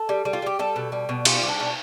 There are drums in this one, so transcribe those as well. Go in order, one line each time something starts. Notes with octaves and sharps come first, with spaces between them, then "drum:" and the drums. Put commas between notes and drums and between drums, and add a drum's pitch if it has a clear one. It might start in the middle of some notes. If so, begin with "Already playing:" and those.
Already playing: A4
G3
G3
F4
G3 G4
G3 A4
B2
G3
B2
G3 F4, drum: cymbal
G3
D4
B2